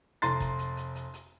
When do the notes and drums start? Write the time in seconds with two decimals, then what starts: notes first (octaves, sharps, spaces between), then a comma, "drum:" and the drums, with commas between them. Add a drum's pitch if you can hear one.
0.22 F1 A#5 C6 A6, drum: hi-hat
0.40 drum: kick, hi-hat
0.59 drum: hi-hat
0.77 drum: hi-hat
0.95 drum: hi-hat
1.14 drum: hi-hat